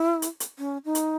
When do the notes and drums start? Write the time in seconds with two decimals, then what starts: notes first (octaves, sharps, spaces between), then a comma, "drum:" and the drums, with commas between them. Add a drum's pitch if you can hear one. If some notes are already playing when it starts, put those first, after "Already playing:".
Already playing: E4
0.22 drum: hi-hat
0.40 drum: hi-hat
0.59 C#4
0.85 D#4
0.95 drum: hi-hat